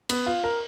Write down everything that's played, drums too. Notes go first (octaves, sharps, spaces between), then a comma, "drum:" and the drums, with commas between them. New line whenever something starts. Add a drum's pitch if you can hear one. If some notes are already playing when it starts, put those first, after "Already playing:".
B3, drum: cymbal
F4
A#4